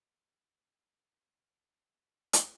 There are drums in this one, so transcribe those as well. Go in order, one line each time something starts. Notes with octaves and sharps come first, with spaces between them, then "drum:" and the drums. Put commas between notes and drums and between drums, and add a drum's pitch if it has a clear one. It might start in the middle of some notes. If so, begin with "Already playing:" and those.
C#3 F4
B2 A3 C#4
drum: hi-hat